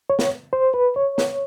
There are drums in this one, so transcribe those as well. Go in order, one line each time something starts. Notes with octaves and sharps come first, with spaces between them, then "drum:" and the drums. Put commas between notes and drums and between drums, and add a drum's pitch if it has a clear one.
C#5
drum: snare
C5
B4
C#5
drum: snare